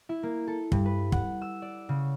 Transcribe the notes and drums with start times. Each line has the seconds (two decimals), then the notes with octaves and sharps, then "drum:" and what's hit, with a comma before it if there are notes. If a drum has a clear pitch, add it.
0.09 E4
0.23 A#3
0.48 A4
0.72 G2, drum: kick
0.86 B4
1.12 F#5, drum: kick
1.42 E6
1.62 D5
1.89 C#3